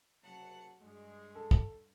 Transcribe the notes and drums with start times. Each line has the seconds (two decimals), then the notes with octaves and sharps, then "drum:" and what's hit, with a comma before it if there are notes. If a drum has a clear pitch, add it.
0.23 F#1 C3 F#3 F#5 A5
0.81 G2 G#3
1.35 A4
1.51 drum: kick